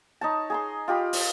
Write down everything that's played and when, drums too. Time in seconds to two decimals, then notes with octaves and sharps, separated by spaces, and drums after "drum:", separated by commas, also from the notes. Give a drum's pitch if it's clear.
0.21 D#4 C#5 A5
0.50 G#4 A#5 C6
0.88 F4 G4 D#5 B5
1.13 drum: open hi-hat